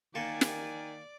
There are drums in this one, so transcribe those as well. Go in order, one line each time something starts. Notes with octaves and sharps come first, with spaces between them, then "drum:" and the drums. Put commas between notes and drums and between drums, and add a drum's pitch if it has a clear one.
D#3 A#3 D5 G#5 A5 C#6
drum: snare